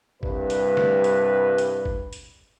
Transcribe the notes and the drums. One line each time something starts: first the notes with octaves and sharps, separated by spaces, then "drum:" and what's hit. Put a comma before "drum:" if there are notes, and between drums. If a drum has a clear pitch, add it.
C2 G2 B4, drum: kick
drum: hi-hat
drum: snare
drum: hi-hat
drum: hi-hat
drum: kick
drum: hi-hat